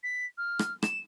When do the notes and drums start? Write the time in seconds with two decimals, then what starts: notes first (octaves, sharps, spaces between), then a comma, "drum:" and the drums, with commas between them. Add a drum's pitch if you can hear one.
0.03 B6
0.38 F6
0.59 drum: rim click
0.82 E7, drum: rim click